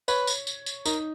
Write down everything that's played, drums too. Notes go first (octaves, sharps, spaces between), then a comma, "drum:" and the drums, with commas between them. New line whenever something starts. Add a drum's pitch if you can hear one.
B4 C#5, drum: tambourine
drum: tambourine
drum: tambourine
drum: tambourine
D#4 A#4, drum: tambourine